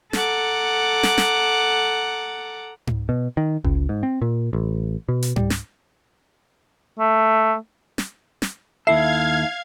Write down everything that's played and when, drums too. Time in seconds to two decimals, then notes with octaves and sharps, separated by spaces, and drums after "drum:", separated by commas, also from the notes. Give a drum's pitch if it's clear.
0.13 A4 F#5 A#5 D6, drum: snare
1.03 drum: snare
1.18 drum: snare
2.87 drum: tom G#2
3.09 B2
3.37 D#3
3.64 C#2, drum: kick G1
3.89 G#2
4.03 C4
4.21 A#2
4.53 A1
5.09 B2
5.23 drum: hi-hat
5.36 G3, drum: tom G#2
5.50 drum: snare
6.99 A3
7.98 drum: snare
8.42 drum: snare
8.87 D#2 E4 A4 E5 F5 G#6 C7